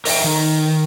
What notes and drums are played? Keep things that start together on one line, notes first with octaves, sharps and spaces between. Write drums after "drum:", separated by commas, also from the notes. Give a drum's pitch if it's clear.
A#4 D#5 E5 G5, drum: open hi-hat
D#3